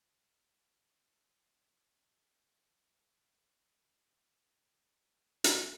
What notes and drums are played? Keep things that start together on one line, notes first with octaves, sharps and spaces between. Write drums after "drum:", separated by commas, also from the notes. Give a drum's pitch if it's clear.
A4 A#4 C5 F5 G5
E5
D4 F4 G5
C3 D#4 F4 G#4 F#5
E3 C4
A#3 E5 F#6
drum: hi-hat